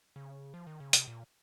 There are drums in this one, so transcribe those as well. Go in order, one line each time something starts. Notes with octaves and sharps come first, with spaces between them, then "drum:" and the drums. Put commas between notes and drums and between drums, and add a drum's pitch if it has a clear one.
C#3
F3
D#3
C#3
C3, drum: hi-hat
A#2